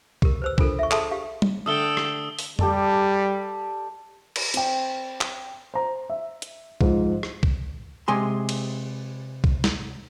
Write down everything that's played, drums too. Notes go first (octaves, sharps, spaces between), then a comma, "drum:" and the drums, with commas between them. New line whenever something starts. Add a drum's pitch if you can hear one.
G4 A#4, drum: kick B1
B4 C5 E6
D4 F4 A4 A#4, drum: kick B1
E5 C#6
G#4 A4 E5 A5 C6 D#6, drum: clap
G4 F5
drum: tom G3
D3 A3 D4 A4 G5 D#6 E6 G7
drum: rim click
drum: open hi-hat
G3 G4 A4 D5, drum: tom F2
drum: cymbal
C4 G5, drum: hi-hat
drum: clap
C5 A#5
E5
drum: hi-hat
G#2 F3, drum: kick B1
drum: rim click
drum: kick B1
C3 G#3 G#5 C6
drum: cymbal
drum: kick B1
drum: snare